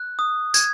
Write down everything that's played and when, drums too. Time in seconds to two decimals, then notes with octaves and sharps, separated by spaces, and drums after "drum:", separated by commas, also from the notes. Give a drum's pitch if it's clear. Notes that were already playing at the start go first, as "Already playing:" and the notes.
Already playing: F#6
0.19 D#6
0.54 G#6, drum: tambourine